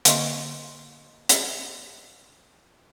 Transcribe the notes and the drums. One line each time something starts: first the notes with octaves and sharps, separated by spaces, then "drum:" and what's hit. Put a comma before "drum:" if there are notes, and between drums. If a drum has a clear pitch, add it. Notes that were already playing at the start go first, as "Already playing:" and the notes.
D3 A#3 D#5 F5 C6 C#6, drum: hi-hat
drum: hi-hat